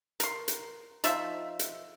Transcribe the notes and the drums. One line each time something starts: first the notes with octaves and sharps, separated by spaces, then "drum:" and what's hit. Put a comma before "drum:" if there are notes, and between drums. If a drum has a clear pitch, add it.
A#4 C6, drum: hi-hat
drum: hi-hat
F3 D#4 C5 E5, drum: hi-hat
drum: hi-hat